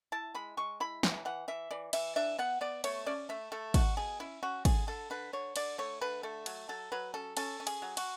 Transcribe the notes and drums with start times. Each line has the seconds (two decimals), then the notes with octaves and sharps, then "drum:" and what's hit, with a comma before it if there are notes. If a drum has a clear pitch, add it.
0.12 E4 A5
0.35 G#3 B5
0.57 G#3 C#6
0.80 E4 B5
1.03 E3, drum: snare
1.25 E3 F#5
1.48 E3 E5
1.71 E3 D5
1.93 E3 E5, drum: cymbal
2.16 D4 E5
2.38 B3 F#5
2.61 B3 D5
2.84 A3 C#5, drum: cymbal
3.06 C#4 D5
3.29 A3 E5
3.52 A3 A4
3.74 B2 F#4, drum: kick, cymbal
3.97 B2 G#4
4.20 C#4 E4
4.43 C#4 F#4
4.65 D3 G#4, drum: kick, cymbal
4.87 D3 A4
5.10 D3 B4
5.33 D3 C#5
5.56 D3 D5, drum: cymbal
5.78 A3 C#5
6.01 D3 B4
6.23 A3 A4
6.46 F#3, drum: cymbal
6.69 F#3 A4
6.92 F#3 B4
7.14 C#4 A4
7.37 C#4 A4, drum: cymbal
7.60 C#4
7.67 G#4, drum: cymbal
7.82 F#3
7.97 F#4, drum: cymbal